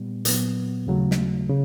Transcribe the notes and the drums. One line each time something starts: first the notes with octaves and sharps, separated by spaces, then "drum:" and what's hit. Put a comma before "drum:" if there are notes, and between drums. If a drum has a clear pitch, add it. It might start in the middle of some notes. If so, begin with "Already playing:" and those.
Already playing: A#2 G3 B3
A#2 F#3 B3, drum: hi-hat
D#2 C#3 F#3 A3
drum: snare
C#3